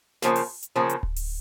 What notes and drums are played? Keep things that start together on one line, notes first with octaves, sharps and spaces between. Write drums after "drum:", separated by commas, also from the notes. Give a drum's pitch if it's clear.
C#3 F3 A#3, drum: snare
drum: open hi-hat
drum: hi-hat
C#3 F3 A#3
drum: hi-hat
drum: kick D1
drum: open hi-hat